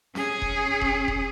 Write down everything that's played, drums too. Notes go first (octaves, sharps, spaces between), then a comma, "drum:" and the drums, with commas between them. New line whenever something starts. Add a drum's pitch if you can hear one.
C#4 G#4, drum: snare
drum: kick E1
drum: kick E1
drum: kick E1